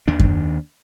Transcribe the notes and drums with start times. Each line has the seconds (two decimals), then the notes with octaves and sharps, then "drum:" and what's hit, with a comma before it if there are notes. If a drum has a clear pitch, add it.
0.08 D#2 D#3 D4
0.20 drum: kick F#2